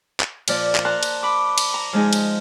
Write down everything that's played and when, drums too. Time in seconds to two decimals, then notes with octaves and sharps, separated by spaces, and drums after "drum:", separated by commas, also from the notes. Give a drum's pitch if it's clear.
0.20 drum: clap
0.48 A#2 F3 D5, drum: cymbal
0.75 drum: clap
0.85 A5 A#5 C6 F#6
1.03 drum: cymbal
1.23 B5 D6
1.58 drum: cymbal
1.74 A#5
1.93 F3 G#3 D#4 G#4
2.13 drum: cymbal